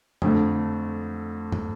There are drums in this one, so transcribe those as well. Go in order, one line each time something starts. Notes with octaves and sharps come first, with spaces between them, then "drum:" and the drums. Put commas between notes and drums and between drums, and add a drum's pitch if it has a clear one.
F2 D3 A3, drum: tom
drum: tom